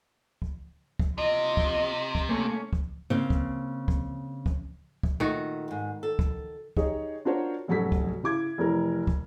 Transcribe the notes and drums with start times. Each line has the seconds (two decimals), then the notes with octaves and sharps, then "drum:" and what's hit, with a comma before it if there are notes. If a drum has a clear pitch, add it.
0.42 drum: kick
0.99 drum: kick
1.18 C3 F4 D#5
1.57 drum: kick
2.15 drum: kick
2.29 A3 A#3 C#4
2.73 drum: kick
3.10 C#3 A#3 C4
3.30 drum: kick
3.88 drum: kick
4.46 drum: kick
5.03 drum: kick
5.20 A#2 D#3 A3 F#4
5.68 G#2 G3
6.03 A4
6.19 drum: kick
6.77 D#4 G4 G#4 C#5, drum: kick
7.25 D4 F4 F#4 A#4 C5 C#5
7.68 F1 G#2 F#3 C#4 A4 B6
7.92 drum: kick
8.23 C#3 E4 D6 G#6
8.58 F1 E3 A#4
9.07 drum: kick